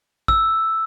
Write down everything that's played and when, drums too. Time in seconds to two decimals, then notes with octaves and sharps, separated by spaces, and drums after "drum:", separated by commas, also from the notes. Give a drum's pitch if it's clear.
0.28 E6, drum: kick